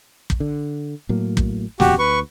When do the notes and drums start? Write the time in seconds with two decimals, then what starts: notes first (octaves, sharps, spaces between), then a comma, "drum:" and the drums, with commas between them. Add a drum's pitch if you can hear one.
0.30 drum: kick
0.40 D3
1.09 A2 F#3 A#3
1.37 drum: kick
1.80 D1 E2 A#2 F#4 G4, drum: snare
1.99 D2 B4 C#6